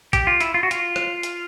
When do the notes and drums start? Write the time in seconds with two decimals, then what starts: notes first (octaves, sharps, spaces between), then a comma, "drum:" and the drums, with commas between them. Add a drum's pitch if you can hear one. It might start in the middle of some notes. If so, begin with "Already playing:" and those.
0.13 G4, drum: kick, hi-hat
0.27 F4
0.41 E4, drum: hi-hat
0.54 F4
0.63 F#4
0.71 F4, drum: hi-hat
0.96 drum: rim click
1.23 drum: hi-hat